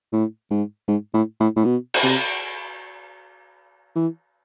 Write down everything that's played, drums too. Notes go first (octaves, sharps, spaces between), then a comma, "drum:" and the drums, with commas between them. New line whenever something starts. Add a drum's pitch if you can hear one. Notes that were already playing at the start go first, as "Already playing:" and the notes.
A2
G#2
G#2
A2
A2
A2
B2
drum: cymbal
C3
E3